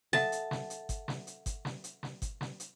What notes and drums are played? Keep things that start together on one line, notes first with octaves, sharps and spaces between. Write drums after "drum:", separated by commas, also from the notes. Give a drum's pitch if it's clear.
A4 E5 F#5 A5, drum: snare
drum: hi-hat
drum: snare
drum: hi-hat
drum: kick G1, hi-hat
drum: snare
drum: hi-hat
drum: kick G1, hi-hat
drum: snare
drum: hi-hat
drum: snare
drum: kick G1, hi-hat
drum: snare
drum: hi-hat